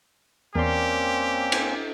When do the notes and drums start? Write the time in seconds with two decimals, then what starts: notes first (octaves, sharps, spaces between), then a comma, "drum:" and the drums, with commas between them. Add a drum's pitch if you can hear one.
0.55 E2 A#3 C4 C#4 G4 A#4 D5 C6
1.52 drum: cymbal